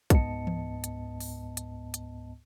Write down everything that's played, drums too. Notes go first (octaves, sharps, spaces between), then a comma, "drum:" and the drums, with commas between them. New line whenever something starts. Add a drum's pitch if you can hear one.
C#2 G#2 B3 D#5 A5 C#7, drum: kick, hi-hat
drum: tom E3
drum: hi-hat
drum: open hi-hat
drum: hi-hat
drum: hi-hat